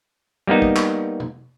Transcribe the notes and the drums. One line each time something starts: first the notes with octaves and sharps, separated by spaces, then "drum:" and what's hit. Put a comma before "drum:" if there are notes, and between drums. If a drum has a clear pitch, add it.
G3 A#3 B3 D#4
drum: kick
drum: clap
drum: tom